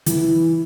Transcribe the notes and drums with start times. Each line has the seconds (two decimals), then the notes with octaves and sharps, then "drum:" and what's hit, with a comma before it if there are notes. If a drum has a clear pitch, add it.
0.06 E3, drum: hi-hat